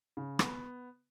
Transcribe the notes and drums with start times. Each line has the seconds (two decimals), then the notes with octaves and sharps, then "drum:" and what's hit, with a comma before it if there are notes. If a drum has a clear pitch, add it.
0.17 C#3
0.39 B3, drum: rim click